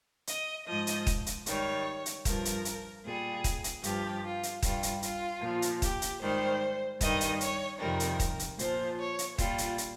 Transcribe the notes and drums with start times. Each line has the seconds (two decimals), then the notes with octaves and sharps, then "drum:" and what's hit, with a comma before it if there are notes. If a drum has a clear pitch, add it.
0.27 D#5, drum: hi-hat
0.66 G#2 F3 D#5
0.87 drum: hi-hat
1.07 drum: kick D#1, hi-hat
1.26 drum: hi-hat
1.46 G#2 D#3 G3 C#5, drum: hi-hat
2.06 drum: hi-hat
2.25 G2 F3 A#4, drum: kick D#1, hi-hat
2.45 drum: hi-hat
2.65 drum: hi-hat
3.05 A#2 G3 G#4
3.44 drum: kick D#1, hi-hat
3.64 drum: hi-hat
3.83 G2 F3 G4, drum: hi-hat
4.24 F4
4.43 drum: hi-hat
4.62 G2 G3 F4, drum: kick D#1, hi-hat
4.83 drum: hi-hat
5.02 F4, drum: hi-hat
5.42 A#2 F3
5.62 drum: hi-hat
5.82 G4, drum: kick D#1, hi-hat
6.02 drum: hi-hat
6.21 G#2 D#3 G3 C5
7.01 G2 D#3 G3 D#5, drum: kick D#1, hi-hat
7.21 drum: hi-hat
7.41 C#5, drum: hi-hat
7.80 F2 C3 D#3 G3 A#4
8.00 drum: hi-hat
8.20 drum: kick D#1, hi-hat
8.39 drum: hi-hat
8.59 A#2 F3 C5, drum: hi-hat
8.99 C#5
9.19 drum: hi-hat
9.38 A#2 G3 F4, drum: kick D#1, hi-hat
9.58 drum: hi-hat
9.78 drum: hi-hat